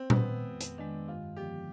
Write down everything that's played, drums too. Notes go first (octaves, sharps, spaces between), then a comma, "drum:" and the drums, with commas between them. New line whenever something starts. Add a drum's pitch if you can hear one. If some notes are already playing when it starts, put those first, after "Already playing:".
Already playing: C4
B3, drum: tom A#2
D#3 G#3
F2
drum: hi-hat
D#3 G#3 D4
G2 F4
D3 F3 B3 G4